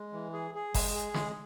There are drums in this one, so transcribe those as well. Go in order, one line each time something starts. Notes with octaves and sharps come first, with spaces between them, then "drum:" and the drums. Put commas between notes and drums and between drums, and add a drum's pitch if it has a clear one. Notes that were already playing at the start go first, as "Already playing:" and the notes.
Already playing: G#3
E3
G#4
G#4
G#3, drum: kick F#1, open hi-hat
G#4
G#3, drum: snare